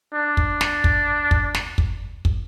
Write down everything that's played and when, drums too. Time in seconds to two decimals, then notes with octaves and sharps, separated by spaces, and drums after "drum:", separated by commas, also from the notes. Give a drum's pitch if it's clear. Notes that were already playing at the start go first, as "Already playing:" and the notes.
0.14 D4
0.37 drum: kick
0.61 drum: snare
0.84 drum: kick
1.31 drum: kick
1.54 drum: snare
1.78 drum: kick
2.25 drum: kick